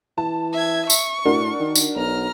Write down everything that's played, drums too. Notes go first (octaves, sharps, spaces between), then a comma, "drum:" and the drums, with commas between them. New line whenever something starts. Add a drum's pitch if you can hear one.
E3 A5
E5 G#6
C#6, drum: tambourine
A2 D4 F#4 A#4
D#3
drum: tambourine
B1 A#5 F6